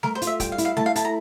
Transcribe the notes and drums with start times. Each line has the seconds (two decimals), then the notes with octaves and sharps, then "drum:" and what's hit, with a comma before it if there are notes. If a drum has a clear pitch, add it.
0.03 A3 A#4, drum: snare G3
0.15 C5
0.22 F4, drum: hi-hat
0.27 E5
0.40 G3 G5, drum: kick, hi-hat
0.52 F5
0.58 E4, drum: hi-hat
0.65 F5
0.77 A3 A5, drum: snare G3
0.86 F5
0.95 E4 A5, drum: hi-hat
1.05 A#5